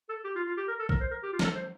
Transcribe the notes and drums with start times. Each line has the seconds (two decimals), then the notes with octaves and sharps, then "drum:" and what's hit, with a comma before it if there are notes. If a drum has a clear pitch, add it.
0.09 A4
0.24 G4
0.36 F4
0.47 F4
0.57 G4
0.68 A#4
0.79 A4
0.89 A#4, drum: kick B1
1.00 C5
1.11 A#4
1.23 G4
1.33 F4
1.39 A#4, drum: snare
1.44 A4
1.55 C5